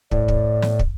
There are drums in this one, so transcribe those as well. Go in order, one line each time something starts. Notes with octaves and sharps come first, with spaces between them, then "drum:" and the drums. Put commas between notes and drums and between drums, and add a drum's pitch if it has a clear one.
A2 D5, drum: kick
drum: kick
drum: snare
drum: kick